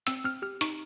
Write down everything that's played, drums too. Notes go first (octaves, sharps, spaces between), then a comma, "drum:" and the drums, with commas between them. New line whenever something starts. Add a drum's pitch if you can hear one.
C4 E6, drum: hi-hat
C4 F6
G4 F6
D#4 C#6, drum: hi-hat